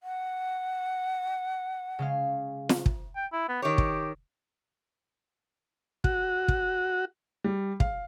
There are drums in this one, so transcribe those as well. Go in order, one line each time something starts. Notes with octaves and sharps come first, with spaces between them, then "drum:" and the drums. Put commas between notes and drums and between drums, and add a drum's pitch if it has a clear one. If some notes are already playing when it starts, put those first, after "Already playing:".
F#5
C#3 G#3 F5
drum: snare
drum: kick
G5
E4
B3
D#3 G4 C#5
drum: kick
F#4, drum: kick
drum: kick
G3
F5, drum: kick